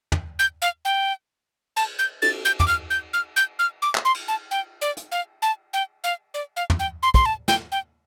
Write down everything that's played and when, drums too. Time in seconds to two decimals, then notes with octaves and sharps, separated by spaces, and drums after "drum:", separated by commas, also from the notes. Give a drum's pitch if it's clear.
0.12 drum: tom
0.39 G6
0.62 F5
0.85 G5
1.76 A5, drum: cymbal
1.99 G6
2.22 A6, drum: cymbal
2.45 G6
2.60 D6, drum: tom
2.68 F6
2.90 G6
3.13 F6
3.36 G6
3.59 F6
3.82 D6
3.95 drum: clap
4.05 C6
4.14 drum: cymbal
4.28 A5
4.51 G5
4.81 D5
4.97 drum: hi-hat
5.12 F5
5.42 A5
5.73 G5
6.04 F5
6.34 D5
6.56 F5
6.70 drum: tom
6.79 G5
7.03 C6
7.14 C6, drum: kick
7.26 A5
7.48 G5, drum: snare
7.72 G5